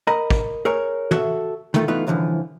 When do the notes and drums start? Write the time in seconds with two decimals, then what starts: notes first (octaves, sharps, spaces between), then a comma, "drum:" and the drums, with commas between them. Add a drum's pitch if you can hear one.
0.07 A#4 D#5 A#5 B5
0.30 drum: kick
0.65 G#4 A#4 C#5
1.11 F#4 A4 E5, drum: tom
1.74 D#3 A3 F4, drum: tom
1.88 E3 A3 B3 D#4 F4
2.07 C2 F#2 D3 E3 F3